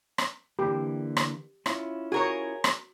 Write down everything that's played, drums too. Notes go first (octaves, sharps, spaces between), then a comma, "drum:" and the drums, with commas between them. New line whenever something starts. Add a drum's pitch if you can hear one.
drum: rim click
D3 E3 A#3 G4
drum: rim click
C#4 E4 F4, drum: rim click
F#4 G#4 A#4 C#5
drum: rim click